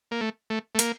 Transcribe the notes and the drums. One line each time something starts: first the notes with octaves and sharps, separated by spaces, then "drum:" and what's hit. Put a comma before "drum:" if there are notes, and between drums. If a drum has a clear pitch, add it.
A#3
A3
A3
A3
A#3, drum: hi-hat